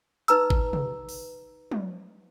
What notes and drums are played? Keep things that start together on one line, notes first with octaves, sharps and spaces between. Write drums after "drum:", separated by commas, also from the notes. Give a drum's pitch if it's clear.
D#4 B4 A#5 E6, drum: hi-hat
drum: kick G#1
drum: tom
drum: open hi-hat
drum: tom